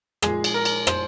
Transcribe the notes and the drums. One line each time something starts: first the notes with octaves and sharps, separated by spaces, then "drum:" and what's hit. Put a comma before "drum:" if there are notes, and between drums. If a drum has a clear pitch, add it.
A#2 F3 G#3 G#4, drum: rim click
drum: cymbal
A#4
drum: cymbal
C5, drum: rim click